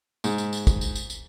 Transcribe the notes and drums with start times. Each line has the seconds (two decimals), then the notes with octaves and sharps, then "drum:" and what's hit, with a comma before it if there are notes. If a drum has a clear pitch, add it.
0.24 G#2, drum: tambourine
0.38 drum: tambourine
0.53 drum: tambourine
0.67 drum: kick, tambourine
0.81 drum: tambourine
0.96 drum: tambourine
1.10 drum: tambourine